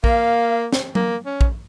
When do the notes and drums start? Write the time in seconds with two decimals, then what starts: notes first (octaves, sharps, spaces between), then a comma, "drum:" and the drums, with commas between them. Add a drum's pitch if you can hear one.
0.04 A#3 F5, drum: kick A#1
0.73 drum: snare
0.95 A#3, drum: tom F#3
1.26 C#4
1.41 drum: kick A#1